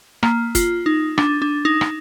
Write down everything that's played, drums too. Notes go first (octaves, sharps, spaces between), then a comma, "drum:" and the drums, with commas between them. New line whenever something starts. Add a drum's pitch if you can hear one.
A#3, drum: rim click
F4, drum: kick, hi-hat
D#4
D4, drum: rim click
D4
D#4
drum: rim click